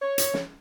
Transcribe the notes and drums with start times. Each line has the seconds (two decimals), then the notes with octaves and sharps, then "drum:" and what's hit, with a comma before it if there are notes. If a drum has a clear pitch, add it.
0.02 C#5
0.18 drum: hi-hat
0.34 drum: snare